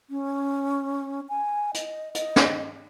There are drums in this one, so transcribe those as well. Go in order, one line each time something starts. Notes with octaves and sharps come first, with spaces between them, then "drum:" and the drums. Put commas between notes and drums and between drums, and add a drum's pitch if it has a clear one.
C#4
G#5
D#5, drum: hi-hat
D#5, drum: hi-hat
drum: snare